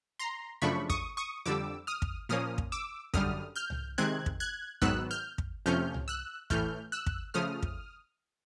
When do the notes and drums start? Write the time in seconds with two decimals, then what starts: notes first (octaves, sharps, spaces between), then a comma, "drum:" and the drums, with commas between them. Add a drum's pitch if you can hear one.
0.19 A#5 C6
0.62 F#2 C#3 F3 A3 D4 B5 C#6
0.90 C#6 D#6, drum: kick
1.17 C#6 D#6
1.46 F2 D3 G3 D6 E6
1.87 D#6 F6
2.02 drum: kick
2.29 A#2 F3 A#3 C#4 D#6 F6
2.58 drum: kick
2.72 D6 E6
3.14 F#2 D3 G3 D#6 F6, drum: kick
3.56 F6 G6
3.70 drum: tom
3.98 C3 D#3 G#3 C4 F#6 G#6
4.26 drum: kick
4.40 F#6 G#6
4.82 G#2 D#3 F#3 B3 E6 F#6, drum: kick
5.11 F6 G6
5.38 drum: kick
5.66 F2 C3 F3 A3 C#4 F6 G6
5.94 drum: tom
6.08 E6 F#6
6.50 A2 E3 A3 F6 G6, drum: kick
6.92 E6 F#6
7.06 drum: kick
7.34 C#3 F3 A3 D#6 F6
7.62 drum: kick